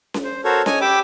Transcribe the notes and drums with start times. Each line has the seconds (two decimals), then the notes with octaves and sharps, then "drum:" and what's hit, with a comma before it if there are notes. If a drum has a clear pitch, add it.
0.14 drum: snare C#4
0.24 C5
0.45 F#4 A4 A#4 C5 C#5
0.66 C#5 D#5 G#5, drum: snare C#4
0.81 G4 G5 B5 D6 E6